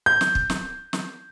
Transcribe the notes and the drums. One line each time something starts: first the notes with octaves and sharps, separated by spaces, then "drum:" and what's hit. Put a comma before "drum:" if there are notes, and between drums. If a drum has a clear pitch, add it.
G6
drum: snare
drum: kick
drum: snare
drum: snare